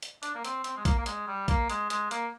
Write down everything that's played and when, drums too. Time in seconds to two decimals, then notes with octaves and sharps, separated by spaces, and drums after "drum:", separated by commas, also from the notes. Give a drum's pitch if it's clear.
0.03 drum: hi-hat
0.23 D4, drum: hi-hat
0.35 A#3
0.45 C4, drum: hi-hat
0.64 C4, drum: hi-hat
0.77 G#3
0.85 A#3, drum: kick, hi-hat
0.98 A#3
1.06 G#3, drum: hi-hat
1.28 G3
1.48 A#3, drum: kick, hi-hat
1.70 G#3, drum: hi-hat
1.90 G#3, drum: hi-hat
2.11 A#3, drum: hi-hat